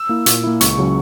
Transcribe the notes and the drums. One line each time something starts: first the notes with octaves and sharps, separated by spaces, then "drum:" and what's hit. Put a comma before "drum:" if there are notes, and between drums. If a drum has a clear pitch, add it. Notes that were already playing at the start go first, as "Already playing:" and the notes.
Already playing: E6
A#3 E4
A#2, drum: hi-hat
A#3 E4
C#2 C#6, drum: hi-hat
C#3 F#3 C#4